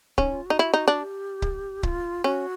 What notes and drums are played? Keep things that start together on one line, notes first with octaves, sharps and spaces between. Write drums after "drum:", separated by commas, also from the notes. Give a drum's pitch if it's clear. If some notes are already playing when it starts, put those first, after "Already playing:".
C#4 D#4, drum: kick C#1
F4
D#4 F#4
E4
D#4
D4
G4
drum: kick C#1
F4, drum: kick C#1
C#4 F#4